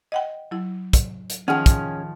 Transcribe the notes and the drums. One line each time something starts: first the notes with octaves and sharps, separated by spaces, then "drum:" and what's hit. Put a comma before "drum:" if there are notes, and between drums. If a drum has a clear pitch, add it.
D#5 F#5 G5
F#3 E4
drum: kick, hi-hat
drum: hi-hat
D#3 F3 C#4 G#4 F#5 F6
drum: kick, hi-hat